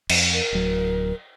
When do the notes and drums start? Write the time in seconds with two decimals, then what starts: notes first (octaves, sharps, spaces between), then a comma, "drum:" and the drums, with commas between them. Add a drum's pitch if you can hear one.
0.10 F2, drum: cymbal
0.33 A#4
0.52 D1 F#3